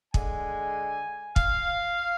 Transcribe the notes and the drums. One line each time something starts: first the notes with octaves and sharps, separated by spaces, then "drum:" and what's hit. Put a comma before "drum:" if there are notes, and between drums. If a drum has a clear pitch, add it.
D3 G#3 G#5, drum: kick
F5, drum: kick